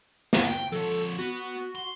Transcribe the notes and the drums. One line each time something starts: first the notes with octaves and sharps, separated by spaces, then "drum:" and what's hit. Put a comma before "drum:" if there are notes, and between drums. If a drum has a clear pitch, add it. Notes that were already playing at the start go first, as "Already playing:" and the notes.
drum: snare
G5
F2 A4 C#5
B3 F#4
C6